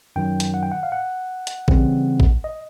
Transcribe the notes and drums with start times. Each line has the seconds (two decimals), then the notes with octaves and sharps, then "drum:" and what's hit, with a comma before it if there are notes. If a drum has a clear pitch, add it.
0.16 F#2 D#3 F#3 G5
0.40 drum: hi-hat
0.54 F#5
0.63 G5
0.72 F#5
0.83 F5
0.92 F#5
1.47 drum: hi-hat
1.68 C#3 E3 G3 C4, drum: kick A1
2.20 drum: kick A1
2.44 D#5